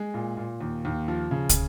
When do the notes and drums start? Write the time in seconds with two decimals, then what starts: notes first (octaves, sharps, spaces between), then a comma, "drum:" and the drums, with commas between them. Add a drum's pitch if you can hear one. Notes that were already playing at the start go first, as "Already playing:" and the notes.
Already playing: G#3
0.14 A#2
0.37 A#2
0.61 D#2
0.85 D#2
1.08 F3
1.31 C#3
1.49 drum: kick, hi-hat